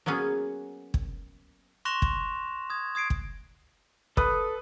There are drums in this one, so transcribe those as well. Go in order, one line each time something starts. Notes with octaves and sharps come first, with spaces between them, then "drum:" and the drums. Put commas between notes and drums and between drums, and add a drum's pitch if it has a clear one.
F#3 A#3 B3 C#4 G#4
drum: kick
C6 C#6 F#6 A#6 E7 F7
drum: kick
D#6 G#6
D#6 G#6 C7 D7
drum: kick
A4 B4 D#6, drum: kick